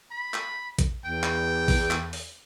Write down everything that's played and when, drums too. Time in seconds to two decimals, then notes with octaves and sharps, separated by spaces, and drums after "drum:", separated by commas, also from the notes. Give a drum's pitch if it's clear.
0.11 B5
0.34 drum: clap
0.79 drum: kick, hi-hat
1.05 E2 G5
1.23 drum: clap
1.68 drum: kick, open hi-hat
1.91 drum: clap
2.13 drum: open hi-hat